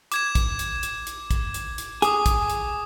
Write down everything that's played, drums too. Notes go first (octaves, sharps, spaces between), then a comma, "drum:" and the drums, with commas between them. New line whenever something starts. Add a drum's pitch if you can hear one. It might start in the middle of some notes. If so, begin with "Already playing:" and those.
D6 G#6 E7, drum: hi-hat
drum: kick, hi-hat
drum: hi-hat
drum: hi-hat
drum: hi-hat
drum: kick, hi-hat
drum: hi-hat
drum: hi-hat
G#4 D6 D#6, drum: hi-hat
drum: kick, hi-hat
drum: hi-hat